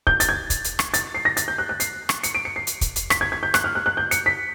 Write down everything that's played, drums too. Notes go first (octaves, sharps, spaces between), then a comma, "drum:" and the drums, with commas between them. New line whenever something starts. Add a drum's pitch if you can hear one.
G6, drum: kick
A6, drum: hi-hat
G#6
drum: kick, hi-hat
drum: hi-hat
drum: rim click
A6, drum: hi-hat
C7
A#6
A6, drum: hi-hat
G6
F#6
F#6
C7, drum: hi-hat
drum: rim click
C#7, drum: hi-hat
D7
C#7
C7
drum: hi-hat
drum: kick, hi-hat
drum: hi-hat
B6, drum: rim click
G#6
G#6
G6
F#6, drum: rim click
F6
F#6
F#6
G6
C#7, drum: hi-hat
B6